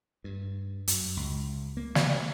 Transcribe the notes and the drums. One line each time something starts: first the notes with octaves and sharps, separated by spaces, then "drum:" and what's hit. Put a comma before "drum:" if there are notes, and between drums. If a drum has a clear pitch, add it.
G2
F#2, drum: hi-hat
C#2
A#3
drum: snare